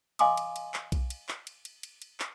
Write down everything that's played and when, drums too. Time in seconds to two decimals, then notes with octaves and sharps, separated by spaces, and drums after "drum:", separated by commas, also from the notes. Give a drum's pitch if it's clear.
0.19 D#5 F5 G#5 C6 D6 D#6, drum: cymbal
0.37 drum: cymbal
0.56 drum: cymbal
0.74 drum: clap
0.92 drum: kick B1, cymbal
1.10 drum: cymbal
1.29 drum: clap
1.47 drum: cymbal
1.65 drum: cymbal
1.83 drum: cymbal
2.02 drum: cymbal
2.20 drum: clap